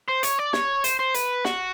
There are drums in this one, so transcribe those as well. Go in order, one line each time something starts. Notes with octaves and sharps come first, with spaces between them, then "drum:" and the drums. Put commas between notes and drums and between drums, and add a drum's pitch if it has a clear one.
C5
C#5, drum: hi-hat
D5
C#5, drum: snare
C5, drum: hi-hat
C5
B4, drum: hi-hat
F#4, drum: snare